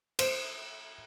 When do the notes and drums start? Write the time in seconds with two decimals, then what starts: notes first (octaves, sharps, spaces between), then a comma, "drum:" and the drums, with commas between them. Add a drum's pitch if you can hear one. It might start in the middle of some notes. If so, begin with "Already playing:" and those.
0.19 C5, drum: cymbal